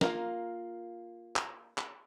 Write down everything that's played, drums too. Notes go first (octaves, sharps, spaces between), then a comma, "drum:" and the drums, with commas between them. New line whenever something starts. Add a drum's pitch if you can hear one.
A#3 F4 A#4, drum: snare
drum: clap
drum: clap